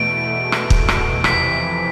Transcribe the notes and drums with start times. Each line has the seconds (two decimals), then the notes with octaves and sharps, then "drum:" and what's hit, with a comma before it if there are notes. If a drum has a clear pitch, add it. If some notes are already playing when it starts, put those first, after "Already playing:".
Already playing: E2 B2 A3 D7
0.52 drum: rim click
0.70 drum: kick
0.88 drum: rim click
1.24 F2 C3 E3 B6, drum: rim click